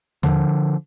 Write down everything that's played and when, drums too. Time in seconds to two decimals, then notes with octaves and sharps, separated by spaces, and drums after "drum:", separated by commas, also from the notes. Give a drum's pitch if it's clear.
0.23 D3 F3, drum: tom D#2